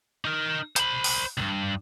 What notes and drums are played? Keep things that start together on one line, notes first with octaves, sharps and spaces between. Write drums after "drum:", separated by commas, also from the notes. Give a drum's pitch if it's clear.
D#4 A#4
C5 B5, drum: hi-hat
drum: open hi-hat
C#2 G2